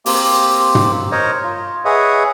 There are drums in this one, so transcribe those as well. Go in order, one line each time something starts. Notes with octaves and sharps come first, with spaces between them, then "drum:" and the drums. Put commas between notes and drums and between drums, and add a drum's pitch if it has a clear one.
A#3 C4 G4, drum: open hi-hat
drum: tom
A#4 C5 C#5 D#5
F4
G#4 B4 C#5 D#5 E5 F#5